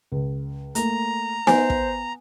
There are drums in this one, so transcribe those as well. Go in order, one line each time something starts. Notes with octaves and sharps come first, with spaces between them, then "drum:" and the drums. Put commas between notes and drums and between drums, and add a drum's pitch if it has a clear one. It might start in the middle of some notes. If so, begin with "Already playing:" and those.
C#2
A3 A#3 A#5, drum: hi-hat
B3 C5 G#5, drum: snare
drum: kick